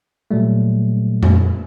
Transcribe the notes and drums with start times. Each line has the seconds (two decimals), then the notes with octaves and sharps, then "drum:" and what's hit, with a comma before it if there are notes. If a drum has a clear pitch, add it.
0.31 A#2 F#3 G3 A3
1.23 drum: tom F2